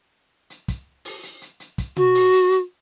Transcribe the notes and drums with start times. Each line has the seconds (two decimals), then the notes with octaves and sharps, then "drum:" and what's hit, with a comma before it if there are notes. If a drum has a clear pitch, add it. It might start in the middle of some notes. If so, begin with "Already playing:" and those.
0.50 drum: hi-hat
0.68 drum: kick, hi-hat
1.05 drum: open hi-hat
1.23 drum: hi-hat
1.42 drum: hi-hat
1.60 drum: hi-hat
1.78 drum: kick, hi-hat
1.97 F#4, drum: tom B2
2.15 drum: open hi-hat
2.33 drum: hi-hat
2.51 drum: hi-hat